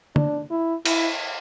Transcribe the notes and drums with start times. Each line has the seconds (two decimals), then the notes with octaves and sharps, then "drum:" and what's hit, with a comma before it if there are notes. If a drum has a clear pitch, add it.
0.16 D4, drum: tom
0.51 E4
0.85 E4, drum: cymbal